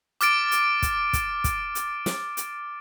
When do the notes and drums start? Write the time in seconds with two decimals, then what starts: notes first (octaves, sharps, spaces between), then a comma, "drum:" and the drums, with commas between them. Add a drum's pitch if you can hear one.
0.21 D6 F6 A6 D7, drum: hi-hat
0.51 drum: hi-hat
0.82 drum: kick, hi-hat
1.13 drum: kick, hi-hat
1.44 drum: kick, hi-hat
1.75 drum: hi-hat
2.06 drum: snare
2.37 drum: hi-hat